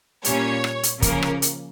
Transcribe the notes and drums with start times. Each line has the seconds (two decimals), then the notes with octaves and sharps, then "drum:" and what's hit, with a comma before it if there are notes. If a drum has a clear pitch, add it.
0.24 A#2 G3 C#4 C#5, drum: hi-hat
0.64 drum: rim click
0.83 drum: hi-hat
1.02 C#3 F3 A#3 C#4 A#4, drum: kick, hi-hat
1.22 drum: rim click
1.42 drum: hi-hat